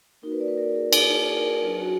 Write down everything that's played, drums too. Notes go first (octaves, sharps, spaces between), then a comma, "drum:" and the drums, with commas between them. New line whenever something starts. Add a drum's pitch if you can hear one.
A#3 D#4 F#4 A#4
B4
D5
B4
A#4
G#4
G#4, drum: cymbal
G#4
A#4
G#4
F#3 D4 F4 G#4
F#4